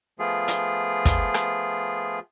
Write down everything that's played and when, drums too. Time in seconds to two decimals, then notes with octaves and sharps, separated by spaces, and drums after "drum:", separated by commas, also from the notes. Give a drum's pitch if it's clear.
0.19 F3 A3 B3 F4 G#4
0.48 drum: hi-hat
1.05 drum: kick, hi-hat
1.34 drum: rim click